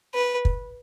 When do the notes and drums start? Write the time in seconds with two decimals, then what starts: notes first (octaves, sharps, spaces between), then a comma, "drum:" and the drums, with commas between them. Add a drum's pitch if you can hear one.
0.14 B4
0.45 drum: kick